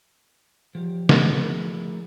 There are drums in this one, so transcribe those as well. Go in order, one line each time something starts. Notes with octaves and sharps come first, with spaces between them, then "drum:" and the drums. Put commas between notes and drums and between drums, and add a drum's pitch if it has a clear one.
F3 G4
F3 A3 E4 F#4 G#4 A#4, drum: snare